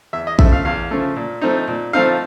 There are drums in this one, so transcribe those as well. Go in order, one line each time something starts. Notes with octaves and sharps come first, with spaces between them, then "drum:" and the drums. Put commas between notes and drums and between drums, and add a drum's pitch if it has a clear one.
E2 E5
D#5
C#3 F3 A3 E5, drum: kick
F5
E2 F5
C#3 F3 A3
A#2
F3 A3 C4 D#4
A#2
F3 A3 C4 D#4 F5